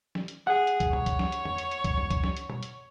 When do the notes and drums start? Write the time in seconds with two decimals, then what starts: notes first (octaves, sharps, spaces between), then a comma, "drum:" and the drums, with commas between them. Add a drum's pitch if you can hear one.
0.15 drum: snare
0.28 drum: hi-hat
0.47 G#4 F#5
0.67 drum: hi-hat
0.80 drum: kick C#2, hi-hat
0.93 C#5, drum: tom
1.06 drum: kick C#2, hi-hat
1.19 drum: snare
1.32 drum: hi-hat
1.45 drum: tom E2
1.58 drum: hi-hat
1.71 drum: hi-hat
1.84 drum: kick C#2, hi-hat
1.97 drum: tom E2
2.10 drum: kick C#2, hi-hat
2.24 drum: snare
2.37 drum: hi-hat
2.50 drum: tom
2.63 drum: hi-hat